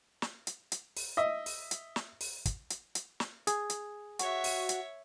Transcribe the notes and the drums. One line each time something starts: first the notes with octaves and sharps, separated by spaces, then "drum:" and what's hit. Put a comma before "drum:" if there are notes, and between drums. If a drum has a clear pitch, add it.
drum: snare
drum: hi-hat
drum: hi-hat
drum: open hi-hat
D#5 E5
drum: open hi-hat
drum: hi-hat
drum: snare
drum: open hi-hat
drum: kick, hi-hat
drum: hi-hat
drum: hi-hat
drum: snare
G#4, drum: hi-hat
drum: hi-hat
F#4 C#5 E5, drum: hi-hat
drum: open hi-hat
drum: hi-hat